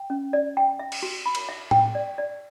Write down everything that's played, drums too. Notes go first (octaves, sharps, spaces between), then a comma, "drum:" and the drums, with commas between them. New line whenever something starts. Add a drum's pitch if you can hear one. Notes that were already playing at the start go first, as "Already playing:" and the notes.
Already playing: G5
C#4
D5
G5
E5
drum: cymbal
F#4
B5
drum: cymbal
E5
G5, drum: tom A2
D5
D5